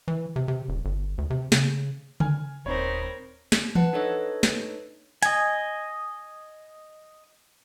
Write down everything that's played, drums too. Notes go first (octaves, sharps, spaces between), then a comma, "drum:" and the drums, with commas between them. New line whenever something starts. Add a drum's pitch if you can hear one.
E3
C3
C3
D#1
G1
D2
C3
C#3, drum: snare
G#5 F6, drum: tom C#3
D#1 C4 D#4 A#4 C5 C#5 B5
drum: snare
B4 F#5 A5 F#6, drum: tom E3
D4 D#4 A4 B4 C#5 D#5
drum: snare
D#5 G#5, drum: hi-hat